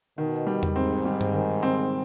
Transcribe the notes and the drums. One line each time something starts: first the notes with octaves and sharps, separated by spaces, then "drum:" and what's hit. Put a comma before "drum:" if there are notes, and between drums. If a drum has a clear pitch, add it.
B2 D#3
G3
drum: tom E2
G#2 C4
G3
drum: tom G2
D#3
C4